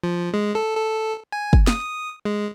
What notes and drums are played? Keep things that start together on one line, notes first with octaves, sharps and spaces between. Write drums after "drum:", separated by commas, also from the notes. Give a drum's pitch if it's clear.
F3
G#3
A4
A4
G#5
drum: kick
D#6, drum: snare
G#3